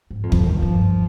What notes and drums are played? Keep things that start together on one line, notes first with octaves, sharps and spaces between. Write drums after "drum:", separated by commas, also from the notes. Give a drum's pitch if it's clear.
G#2
F2
G2 F3, drum: kick
D#3
G2 F3